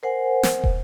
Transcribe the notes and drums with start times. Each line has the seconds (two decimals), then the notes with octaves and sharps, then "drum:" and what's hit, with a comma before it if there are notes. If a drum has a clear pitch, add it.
0.03 A#4 C5 F#5 G#5
0.43 drum: snare
0.64 drum: kick